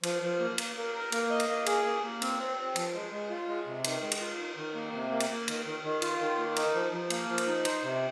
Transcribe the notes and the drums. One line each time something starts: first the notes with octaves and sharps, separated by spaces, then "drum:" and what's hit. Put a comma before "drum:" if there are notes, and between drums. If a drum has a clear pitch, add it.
F3, drum: cymbal
F3
A#3
A#3, drum: cymbal
A#3
A#4
A#3, drum: cymbal
D#5
drum: cymbal
A#3
G#4, drum: cymbal
A#3
A#3
C4, drum: cymbal
C4
C4
F3, drum: cymbal
G#3
G#3
F4
G#3
C3
D#3, drum: cymbal
G#3
drum: cymbal
F4
D#3
D#3
A#3
C3
A#3
drum: cymbal
A#3
D#3, drum: cymbal
D#3
D#3
F4, drum: cymbal
D#3
A#3
D#4, drum: cymbal
F3
F3
A#3, drum: cymbal
F3
drum: cymbal
D#4
C5, drum: cymbal
C3